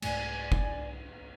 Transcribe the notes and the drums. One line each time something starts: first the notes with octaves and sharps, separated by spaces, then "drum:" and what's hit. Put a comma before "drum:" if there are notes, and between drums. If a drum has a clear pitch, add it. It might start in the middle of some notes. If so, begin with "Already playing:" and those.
C2 G#2 A3 D5 G#5, drum: cymbal
drum: kick F#1